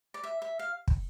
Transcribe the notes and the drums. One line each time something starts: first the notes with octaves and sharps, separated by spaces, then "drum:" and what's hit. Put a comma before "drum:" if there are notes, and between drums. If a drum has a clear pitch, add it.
D5
E5
E5
F5
drum: kick